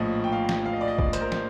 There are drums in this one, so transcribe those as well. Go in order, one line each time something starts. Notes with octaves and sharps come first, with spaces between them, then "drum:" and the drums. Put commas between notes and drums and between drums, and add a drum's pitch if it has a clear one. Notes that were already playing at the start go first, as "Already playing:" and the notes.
Already playing: A#1 A2 F3 D#5
G5
F5
drum: snare
F5
D#5
D5
D#5
D5, drum: kick
C5, drum: hi-hat
A#4
drum: snare